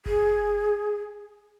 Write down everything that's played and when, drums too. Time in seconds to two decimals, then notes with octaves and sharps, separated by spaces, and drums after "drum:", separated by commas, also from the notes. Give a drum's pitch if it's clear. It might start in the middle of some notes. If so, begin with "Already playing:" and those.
0.06 G#4, drum: kick F#1